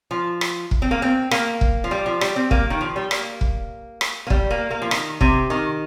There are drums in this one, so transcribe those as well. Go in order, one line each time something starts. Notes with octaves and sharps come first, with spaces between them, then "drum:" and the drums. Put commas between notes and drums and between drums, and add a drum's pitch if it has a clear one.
F3
drum: rim click
drum: kick
C4
A#3
C4
A#3, drum: rim click
drum: kick
F3
G3
F3
G3, drum: rim click
C4
A#3, drum: kick
D#3
F3
G3
A#3, drum: rim click
drum: kick
drum: rim click
A#3
G3, drum: kick
A#3
A#3
F3
D#3, drum: rim click
C3, drum: kick
D#3